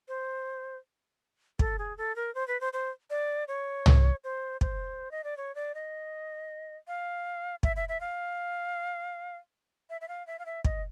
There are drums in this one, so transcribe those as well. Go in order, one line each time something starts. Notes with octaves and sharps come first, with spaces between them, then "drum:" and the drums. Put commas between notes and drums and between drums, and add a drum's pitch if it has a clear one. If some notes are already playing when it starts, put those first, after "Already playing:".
C5
A4, drum: kick
G#4
A4
A#4
C5
B4
C5
C5
D5
C#5
drum: tom
C5
C5, drum: kick
D#5
D5
C#5
D5
D#5
F5
E5, drum: kick
E5
E5
F5
E5
E5
F5
E5
F5
E5
D#5, drum: kick